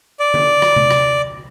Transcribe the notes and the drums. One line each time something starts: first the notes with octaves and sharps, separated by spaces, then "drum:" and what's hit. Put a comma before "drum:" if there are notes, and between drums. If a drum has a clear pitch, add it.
D5
drum: tom D3
drum: rim click
drum: tom C3
drum: rim click